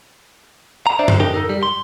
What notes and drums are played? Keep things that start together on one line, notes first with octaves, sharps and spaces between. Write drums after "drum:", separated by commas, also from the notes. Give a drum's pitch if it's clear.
A#5
D4 C5 D5 E5
drum: tom F#2
D4 D#4 G4 A#4
D#4 A4 A#4
G3
C6